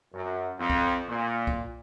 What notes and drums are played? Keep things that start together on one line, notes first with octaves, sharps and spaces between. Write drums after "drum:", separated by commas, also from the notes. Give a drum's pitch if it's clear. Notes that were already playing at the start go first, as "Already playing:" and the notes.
F#2
F2
drum: kick B1
A#2
drum: kick B1